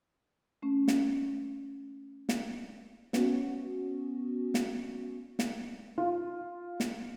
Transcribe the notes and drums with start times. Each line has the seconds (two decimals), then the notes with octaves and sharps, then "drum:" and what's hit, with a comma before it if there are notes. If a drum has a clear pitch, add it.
0.62 A3 C#4
0.88 drum: snare
2.29 drum: snare
3.13 B3 C#4 F#4, drum: snare
4.54 drum: snare
5.39 drum: snare
5.98 F4
6.80 drum: snare